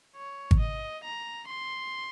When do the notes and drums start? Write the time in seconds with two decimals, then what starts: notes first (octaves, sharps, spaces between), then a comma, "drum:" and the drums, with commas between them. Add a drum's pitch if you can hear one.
0.16 C#5
0.51 drum: kick G#1
0.60 D#5
1.04 A#5
1.48 C6